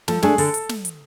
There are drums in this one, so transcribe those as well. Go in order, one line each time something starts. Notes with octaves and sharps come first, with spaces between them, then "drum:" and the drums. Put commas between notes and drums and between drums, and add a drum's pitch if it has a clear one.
F3 A4 A5, drum: snare
A3 D4 G#4 G#5, drum: snare
D3 A4 A5, drum: open hi-hat
drum: hi-hat
drum: snare
drum: hi-hat